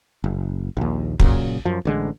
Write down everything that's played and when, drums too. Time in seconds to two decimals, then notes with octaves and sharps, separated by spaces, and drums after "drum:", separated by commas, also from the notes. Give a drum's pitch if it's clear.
0.24 F#1
0.77 A#1 D#2
1.20 A#2 C#3 F#3, drum: kick
1.65 F#2 F3
1.85 A1 D3 G#3